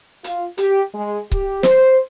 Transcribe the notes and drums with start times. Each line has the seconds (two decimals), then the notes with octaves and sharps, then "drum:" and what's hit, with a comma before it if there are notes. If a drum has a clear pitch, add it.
0.24 F4, drum: hi-hat
0.58 G4, drum: hi-hat
0.94 G#3
1.32 G4, drum: kick C#1
1.63 C5, drum: snare